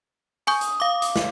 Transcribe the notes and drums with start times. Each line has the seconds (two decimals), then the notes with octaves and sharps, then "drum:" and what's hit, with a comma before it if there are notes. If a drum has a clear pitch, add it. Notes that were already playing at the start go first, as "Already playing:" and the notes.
0.47 G#5 C#6 D#6 G6, drum: open hi-hat
0.61 drum: hi-hat
0.80 F5 D6
1.02 drum: hi-hat
1.16 drum: snare